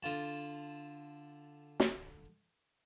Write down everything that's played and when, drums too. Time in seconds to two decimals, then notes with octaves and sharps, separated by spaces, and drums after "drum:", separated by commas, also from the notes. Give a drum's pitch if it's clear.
0.03 D3 F4 A5
1.80 drum: snare